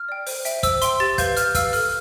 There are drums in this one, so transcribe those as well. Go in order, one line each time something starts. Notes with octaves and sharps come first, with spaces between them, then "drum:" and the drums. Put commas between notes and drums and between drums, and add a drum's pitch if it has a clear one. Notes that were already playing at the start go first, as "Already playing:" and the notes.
Already playing: F6
D5 G5
C5, drum: open hi-hat
E5 G5, drum: hi-hat
C5 E6, drum: kick, hi-hat
E5 G5 C6, drum: hi-hat
G4 A6
B4 F5 G6, drum: kick, hi-hat
G4 F6, drum: hi-hat
B4 F5 E6, drum: kick, hi-hat
A4 F6, drum: open hi-hat